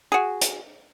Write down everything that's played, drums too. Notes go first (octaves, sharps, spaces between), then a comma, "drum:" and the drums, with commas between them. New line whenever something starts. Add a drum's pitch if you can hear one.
F#4 G#4
drum: hi-hat